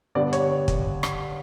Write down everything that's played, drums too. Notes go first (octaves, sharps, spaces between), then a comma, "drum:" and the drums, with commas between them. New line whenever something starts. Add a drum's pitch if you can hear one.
G2 D3 G3 B3 D5
C#5, drum: hi-hat
C#5
drum: kick, hi-hat
drum: rim click